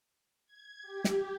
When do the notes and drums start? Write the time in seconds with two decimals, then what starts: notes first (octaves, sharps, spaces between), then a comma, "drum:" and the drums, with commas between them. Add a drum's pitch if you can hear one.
0.46 G#6
0.82 G4
1.04 drum: snare